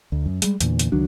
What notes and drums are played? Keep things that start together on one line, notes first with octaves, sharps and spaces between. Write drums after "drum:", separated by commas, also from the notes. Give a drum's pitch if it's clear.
D2
F#2
G3 G#3, drum: hi-hat
E2 A#2 D3, drum: hi-hat
drum: hi-hat
C#2 D#3 F#3 D4